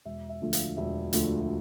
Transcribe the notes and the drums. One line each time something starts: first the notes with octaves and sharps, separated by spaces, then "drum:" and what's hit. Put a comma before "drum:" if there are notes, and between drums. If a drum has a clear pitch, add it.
E1 E5
E5
D2 D3 F3 A3
F5, drum: hi-hat
E1 E5
D2 D3 F3 A3, drum: hi-hat